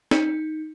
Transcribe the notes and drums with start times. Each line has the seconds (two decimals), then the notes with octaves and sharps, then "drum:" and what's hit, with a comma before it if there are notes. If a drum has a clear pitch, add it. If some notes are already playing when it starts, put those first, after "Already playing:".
0.11 D#4, drum: snare